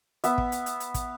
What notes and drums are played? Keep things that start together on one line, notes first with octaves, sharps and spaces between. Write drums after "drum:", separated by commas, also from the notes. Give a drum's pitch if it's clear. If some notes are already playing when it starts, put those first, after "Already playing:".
B3 E5, drum: hi-hat
drum: kick
drum: hi-hat
drum: hi-hat
drum: hi-hat
drum: kick, hi-hat